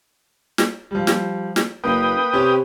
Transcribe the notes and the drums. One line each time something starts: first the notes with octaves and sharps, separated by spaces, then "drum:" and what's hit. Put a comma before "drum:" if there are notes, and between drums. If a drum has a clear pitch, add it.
drum: snare
F3 G3
drum: snare
drum: snare
F#1 A#3 B4 G5 D#6
C3 C#4 G4